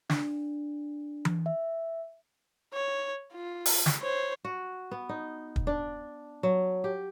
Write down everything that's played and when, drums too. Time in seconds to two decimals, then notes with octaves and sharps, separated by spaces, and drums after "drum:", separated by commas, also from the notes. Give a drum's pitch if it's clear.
0.10 D4, drum: snare
1.25 drum: tom E3
1.46 E5
2.73 C#5
3.33 F4
3.66 drum: open hi-hat
3.86 drum: snare
4.01 C5 C#5
4.45 F#4
4.91 B3
5.09 D#4
5.56 drum: kick
5.67 D4
6.43 F#3
6.84 G4